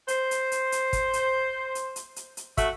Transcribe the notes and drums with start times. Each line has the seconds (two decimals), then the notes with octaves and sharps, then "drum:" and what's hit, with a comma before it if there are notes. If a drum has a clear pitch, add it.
0.08 C5, drum: hi-hat
0.31 drum: hi-hat
0.52 drum: hi-hat
0.72 drum: hi-hat
0.93 drum: kick, hi-hat
1.13 drum: hi-hat
1.75 drum: hi-hat
1.96 drum: hi-hat
2.16 drum: hi-hat
2.37 drum: hi-hat
2.58 A3 F#4 E5, drum: kick, hi-hat